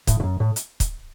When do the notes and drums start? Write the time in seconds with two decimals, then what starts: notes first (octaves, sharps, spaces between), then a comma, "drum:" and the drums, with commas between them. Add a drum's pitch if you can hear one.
0.07 A2, drum: kick, hi-hat
0.20 A2
0.23 F#2
0.40 A2
0.56 drum: hi-hat
0.80 drum: kick, hi-hat